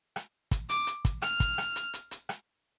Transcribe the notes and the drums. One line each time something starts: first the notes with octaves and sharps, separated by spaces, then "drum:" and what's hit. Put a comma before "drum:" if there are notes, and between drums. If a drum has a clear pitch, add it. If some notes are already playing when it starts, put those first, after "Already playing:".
drum: rim click
drum: kick, hi-hat
D6, drum: hi-hat
drum: hi-hat
drum: kick, hi-hat
F6, drum: rim click
drum: kick, hi-hat
drum: rim click
drum: hi-hat
drum: hi-hat
drum: hi-hat
drum: rim click